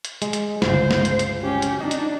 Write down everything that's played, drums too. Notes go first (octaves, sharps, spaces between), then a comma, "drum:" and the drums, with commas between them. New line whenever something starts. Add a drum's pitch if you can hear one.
drum: hi-hat
G#3, drum: hi-hat
drum: hi-hat
G1 C#2 C5, drum: snare
drum: snare
drum: hi-hat
drum: hi-hat
C#4 G4
drum: hi-hat
D4 D#4 D#5
drum: hi-hat